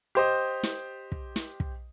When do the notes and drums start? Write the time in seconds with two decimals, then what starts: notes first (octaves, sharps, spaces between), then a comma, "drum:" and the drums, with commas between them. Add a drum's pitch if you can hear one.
0.15 G4 C5 D#5
0.63 drum: snare
1.12 drum: kick
1.36 drum: snare
1.60 drum: kick